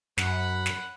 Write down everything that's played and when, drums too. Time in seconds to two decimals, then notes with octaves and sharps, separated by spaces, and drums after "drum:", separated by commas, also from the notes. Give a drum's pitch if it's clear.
0.18 F#2 F#5 B5, drum: snare
0.66 drum: snare